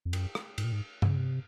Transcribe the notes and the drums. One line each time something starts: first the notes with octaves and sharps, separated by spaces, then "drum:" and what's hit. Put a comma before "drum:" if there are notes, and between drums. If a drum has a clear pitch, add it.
F2
F#2, drum: cymbal
drum: rim click
G#2, drum: cymbal
A#2
G#2
C3, drum: tom G2
C#3
C3